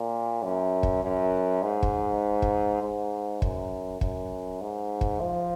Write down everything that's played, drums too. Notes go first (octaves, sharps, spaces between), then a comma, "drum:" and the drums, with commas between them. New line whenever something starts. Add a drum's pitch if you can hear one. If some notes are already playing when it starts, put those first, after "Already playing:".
Already playing: A#2
F#2
drum: kick
F#2
G#2
drum: kick
drum: kick
G#2
F#2, drum: kick
F#2, drum: kick
G#2
drum: kick
F3